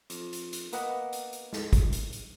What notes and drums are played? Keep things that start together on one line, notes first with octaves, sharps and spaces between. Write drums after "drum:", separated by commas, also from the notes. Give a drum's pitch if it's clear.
F2, drum: hi-hat
drum: hi-hat
drum: hi-hat
A#3 B3 B4 D#5 F#5, drum: hi-hat
drum: hi-hat
drum: hi-hat
drum: snare
drum: kick, hi-hat
drum: hi-hat
drum: hi-hat